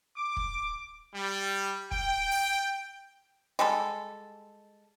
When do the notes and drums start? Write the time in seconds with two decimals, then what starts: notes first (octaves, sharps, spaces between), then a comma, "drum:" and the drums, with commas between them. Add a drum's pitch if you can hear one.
0.17 D6
0.37 drum: kick
1.14 G3
1.91 G5, drum: kick
2.31 drum: open hi-hat
3.59 G3 G#3 A4